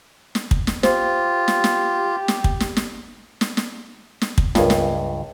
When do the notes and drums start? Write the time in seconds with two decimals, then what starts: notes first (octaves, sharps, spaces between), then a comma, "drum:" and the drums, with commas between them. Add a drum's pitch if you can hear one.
0.35 drum: snare
0.51 drum: kick
0.67 drum: snare
0.83 F4 G4 C5, drum: snare
1.48 drum: snare
1.64 drum: snare
2.28 drum: snare
2.44 drum: kick
2.60 drum: snare
2.77 drum: snare
3.41 drum: snare
3.57 drum: snare
4.22 drum: snare
4.38 drum: kick
4.55 C#2 G2 F4 A#4, drum: snare
4.70 drum: snare